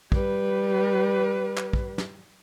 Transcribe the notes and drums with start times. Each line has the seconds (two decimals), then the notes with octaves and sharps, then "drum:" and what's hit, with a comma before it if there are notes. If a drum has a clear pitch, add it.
0.12 G3 B4, drum: kick
1.57 drum: clap
1.73 drum: kick
1.98 drum: snare